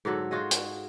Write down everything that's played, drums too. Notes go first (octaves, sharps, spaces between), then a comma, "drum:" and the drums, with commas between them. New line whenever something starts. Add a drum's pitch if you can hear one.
G#2 D3 F#3 A4
F4 F#4 G#4 D#5
drum: hi-hat